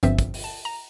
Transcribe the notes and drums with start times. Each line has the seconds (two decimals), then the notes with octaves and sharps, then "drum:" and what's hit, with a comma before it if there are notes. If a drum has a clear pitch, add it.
0.03 G1 G2 F3 C4 E5, drum: hi-hat
0.19 drum: kick, hi-hat
0.34 drum: open hi-hat
0.44 A5
0.65 A#5